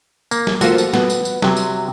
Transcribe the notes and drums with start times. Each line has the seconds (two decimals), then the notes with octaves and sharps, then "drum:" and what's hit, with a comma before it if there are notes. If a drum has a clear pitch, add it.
0.31 A#3, drum: tambourine
0.47 drum: snare
0.61 F3 A#3 F4 F#4 A4, drum: tambourine
0.78 drum: tambourine
0.94 B3, drum: snare
1.10 drum: tambourine
1.25 drum: tambourine
1.42 C3 F#3, drum: snare
1.56 drum: tambourine